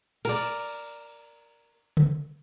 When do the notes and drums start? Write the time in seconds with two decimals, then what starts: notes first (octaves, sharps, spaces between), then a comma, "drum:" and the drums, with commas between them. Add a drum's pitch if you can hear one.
0.25 A#4 D5, drum: cymbal
1.97 drum: tom C#3